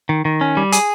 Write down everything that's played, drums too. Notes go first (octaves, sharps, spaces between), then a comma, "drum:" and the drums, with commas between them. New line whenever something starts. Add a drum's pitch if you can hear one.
D#3
D#3
C#4
G3
G#4, drum: hi-hat